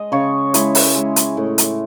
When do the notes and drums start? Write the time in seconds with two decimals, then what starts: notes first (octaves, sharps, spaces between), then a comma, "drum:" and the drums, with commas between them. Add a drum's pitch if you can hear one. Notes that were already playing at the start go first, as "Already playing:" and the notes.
Already playing: G#3 D#5
0.12 C#3 C#5
0.54 G#3 E4, drum: hi-hat
0.75 drum: open hi-hat
0.96 G#3
1.16 drum: hi-hat
1.37 A2
1.58 drum: hi-hat